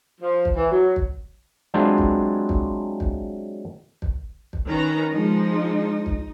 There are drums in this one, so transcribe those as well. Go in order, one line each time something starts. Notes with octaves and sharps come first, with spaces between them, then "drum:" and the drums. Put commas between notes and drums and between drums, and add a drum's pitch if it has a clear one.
F3
drum: kick
E3
F#3
drum: kick
F#3 G#3 C4 D4 E4 F4
drum: kick
drum: kick
drum: kick
drum: kick
drum: kick
D#3 C#4 B4 A#5
F3 G#3 D#4
drum: kick